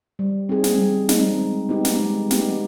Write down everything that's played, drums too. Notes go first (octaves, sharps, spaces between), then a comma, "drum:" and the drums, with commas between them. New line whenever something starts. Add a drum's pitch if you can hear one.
G3
C4 D#4 G#4
drum: snare
G3
C4 D#4 G#4, drum: snare
G#3
B3 D#4 G4
drum: snare
G#3
B3 D#4 G4, drum: snare